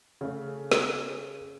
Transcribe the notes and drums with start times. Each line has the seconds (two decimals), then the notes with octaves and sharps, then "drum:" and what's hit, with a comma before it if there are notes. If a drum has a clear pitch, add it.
0.21 C#3 A3
0.71 drum: snare